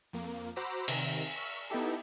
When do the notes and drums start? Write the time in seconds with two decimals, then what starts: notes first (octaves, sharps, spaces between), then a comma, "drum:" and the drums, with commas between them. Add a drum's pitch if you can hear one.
0.13 F2 A#3
0.56 F#4 C5 A#5 B5 D6 E6
0.88 C3 D#3, drum: cymbal
1.36 C#6 E6 F6 B6
1.70 B3 D#4 E4 G4 A4